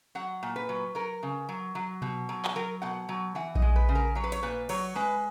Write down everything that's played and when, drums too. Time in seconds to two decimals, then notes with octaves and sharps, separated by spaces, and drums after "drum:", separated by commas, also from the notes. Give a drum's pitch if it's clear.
0.15 F#3 F#5
0.43 A#2
0.56 B4
0.69 F#3
0.95 F#3 A#4
1.23 C#3
1.49 F#3
1.75 F#3
2.02 B2, drum: tom B2
2.29 F#3
2.45 drum: clap
2.56 F#3 A#4
2.82 B2 F#5
3.09 F#3
3.35 E3 F#5
3.55 D#5, drum: kick A#1
3.62 G#3
3.76 B4
3.89 C#3
3.95 A#4
4.15 F#3 C#5
4.24 B4
4.32 C#5, drum: hi-hat
4.43 A#2 B4
4.69 F#3 C#5, drum: cymbal
4.95 G#3 B4